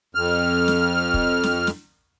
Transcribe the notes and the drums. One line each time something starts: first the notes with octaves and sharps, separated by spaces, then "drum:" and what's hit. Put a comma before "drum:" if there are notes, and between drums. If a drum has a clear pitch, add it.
F2 F6
drum: snare
drum: kick
drum: snare
drum: snare